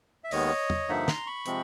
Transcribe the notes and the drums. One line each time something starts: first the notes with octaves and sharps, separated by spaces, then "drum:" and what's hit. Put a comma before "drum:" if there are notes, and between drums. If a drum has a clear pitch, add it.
E5
D#2 D#3 G#3 B3 C#5 D#5, drum: open hi-hat
drum: tom
G2 D3 F3 A#3 D#4 E5 F#5
A#5 C6, drum: snare
B5 C#6
C3 F3 G#3 C4, drum: hi-hat